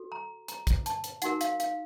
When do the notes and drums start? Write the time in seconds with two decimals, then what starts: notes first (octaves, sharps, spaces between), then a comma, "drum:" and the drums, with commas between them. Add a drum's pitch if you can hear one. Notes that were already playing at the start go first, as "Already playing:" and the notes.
Already playing: F#4 A4
0.12 A#5
0.48 A#5, drum: hi-hat
0.67 drum: kick, hi-hat
0.86 A5, drum: hi-hat
1.04 drum: hi-hat
1.22 D#4 F#4 A#4 F#5, drum: hi-hat
1.41 F5, drum: hi-hat
1.60 F5, drum: hi-hat